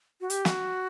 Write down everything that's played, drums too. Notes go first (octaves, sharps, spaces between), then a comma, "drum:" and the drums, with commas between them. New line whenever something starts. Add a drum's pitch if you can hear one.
F#4
G4, drum: hi-hat
F#4, drum: snare